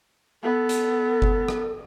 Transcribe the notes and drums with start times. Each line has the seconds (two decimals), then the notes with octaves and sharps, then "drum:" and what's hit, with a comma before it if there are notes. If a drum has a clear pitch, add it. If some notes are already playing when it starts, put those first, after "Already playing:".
0.43 B3 A4
0.69 drum: hi-hat
1.22 drum: kick G1
1.48 drum: rim click